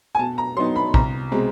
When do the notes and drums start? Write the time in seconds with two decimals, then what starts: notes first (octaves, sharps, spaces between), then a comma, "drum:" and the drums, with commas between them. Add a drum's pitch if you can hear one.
0.15 G#5
0.19 B2 A5
0.38 A#5
0.57 F#3 B3 D#4 C6
0.76 B5
0.94 C2 A#5, drum: kick
1.31 B2 G#3 C4